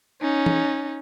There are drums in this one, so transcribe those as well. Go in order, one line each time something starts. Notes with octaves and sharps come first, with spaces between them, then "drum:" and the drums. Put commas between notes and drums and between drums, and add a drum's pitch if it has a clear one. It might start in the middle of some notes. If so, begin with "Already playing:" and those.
C#4 D#4
drum: tom E3